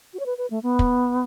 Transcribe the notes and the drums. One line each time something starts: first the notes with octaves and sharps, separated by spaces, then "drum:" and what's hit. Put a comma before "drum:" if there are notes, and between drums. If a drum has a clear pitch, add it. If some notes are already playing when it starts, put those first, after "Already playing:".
F#4
C#5
B4
B4
A3
B3
drum: kick